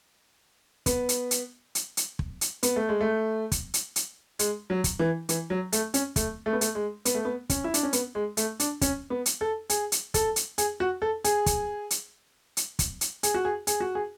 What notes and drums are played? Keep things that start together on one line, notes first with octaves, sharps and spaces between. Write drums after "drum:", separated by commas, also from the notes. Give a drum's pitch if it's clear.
B3, drum: kick, hi-hat
drum: hi-hat
drum: hi-hat
drum: hi-hat
drum: hi-hat
drum: kick
drum: hi-hat
B3, drum: hi-hat
A3
G#3
A3
drum: kick, hi-hat
drum: hi-hat
drum: hi-hat
G#3, drum: hi-hat
F#3
drum: kick, hi-hat
E3
E3, drum: hi-hat
F#3
A3, drum: hi-hat
C#4, drum: hi-hat
A3, drum: kick, hi-hat
A3
B3
A3, drum: hi-hat
G#3
B3, drum: hi-hat
A3
B3
C#4, drum: kick, hi-hat
E4
D4, drum: hi-hat
C#4
B3, drum: hi-hat
G#3
A3, drum: hi-hat
D4, drum: hi-hat
C#4, drum: kick, hi-hat
B3
drum: hi-hat
A4
G#4, drum: hi-hat
drum: hi-hat
A4, drum: kick, hi-hat
drum: hi-hat
G#4, drum: hi-hat
F#4
A4
G#4, drum: hi-hat
drum: kick, hi-hat
drum: hi-hat
drum: hi-hat
drum: kick, hi-hat
drum: hi-hat
G#4, drum: hi-hat
F#4
G#4
G#4, drum: hi-hat
F#4
G#4